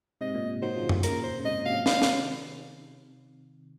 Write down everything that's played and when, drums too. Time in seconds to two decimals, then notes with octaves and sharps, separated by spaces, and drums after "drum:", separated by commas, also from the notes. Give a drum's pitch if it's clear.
0.21 G#2 C3 D#5
0.34 A#2
0.62 D#3 F#3 C5
0.76 C#3 F3
0.89 C3 D#3, drum: tom F#2
1.03 A#2 C#3 A#4, drum: hi-hat
1.23 C5
1.39 C#3
1.44 G#2 C3 D#5
1.58 A#2 C#3
1.65 F#3 F5
1.72 C#3 F3
1.86 C3 D#3 F5, drum: snare
2.02 drum: snare